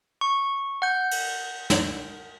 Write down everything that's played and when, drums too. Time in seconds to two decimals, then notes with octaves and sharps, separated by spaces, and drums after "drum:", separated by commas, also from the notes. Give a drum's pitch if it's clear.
0.21 C#6
0.82 F#5 G6
1.11 drum: cymbal
1.70 drum: snare